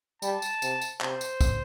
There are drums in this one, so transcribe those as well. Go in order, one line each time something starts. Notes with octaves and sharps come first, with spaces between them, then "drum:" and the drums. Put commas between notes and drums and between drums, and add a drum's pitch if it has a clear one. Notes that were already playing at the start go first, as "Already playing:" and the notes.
G3 A5, drum: tambourine
drum: tambourine
C3, drum: tambourine
drum: tambourine
C3 C5, drum: clap
drum: tambourine
drum: kick, tambourine